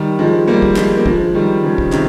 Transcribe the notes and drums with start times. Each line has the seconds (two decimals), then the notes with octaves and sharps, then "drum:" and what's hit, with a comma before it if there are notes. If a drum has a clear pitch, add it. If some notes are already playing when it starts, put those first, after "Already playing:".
Already playing: D#3 G3
0.19 F3 G#3
0.48 G3 A#3
0.62 drum: kick
0.76 F3 G#3, drum: clap
0.97 A#3
1.06 F3 G#3, drum: kick
1.35 D#3 G3
1.64 C#3 F3
1.78 drum: kick
1.92 C3 D#3, drum: clap